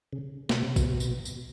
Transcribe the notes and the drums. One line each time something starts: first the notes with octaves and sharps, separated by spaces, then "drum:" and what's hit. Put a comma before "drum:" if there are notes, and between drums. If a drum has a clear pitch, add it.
C#3
B2, drum: snare
C3
B2, drum: kick, tambourine
drum: tambourine
drum: tambourine